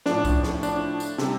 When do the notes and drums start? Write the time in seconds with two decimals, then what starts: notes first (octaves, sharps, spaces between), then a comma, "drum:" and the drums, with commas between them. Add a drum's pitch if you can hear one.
0.06 A2 F3 D4, drum: snare
0.25 drum: kick C2, tambourine
0.44 drum: snare
0.63 D4, drum: tambourine
1.00 drum: tambourine
1.18 C3 G3, drum: snare